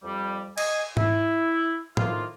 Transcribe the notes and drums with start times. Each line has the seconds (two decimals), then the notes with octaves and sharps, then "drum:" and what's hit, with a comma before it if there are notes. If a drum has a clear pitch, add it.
0.04 F2 G3
0.58 D#5 G#5, drum: cymbal
0.97 E4, drum: tom G#2
1.97 A2 D#3 F3 A#3 F4, drum: tom A2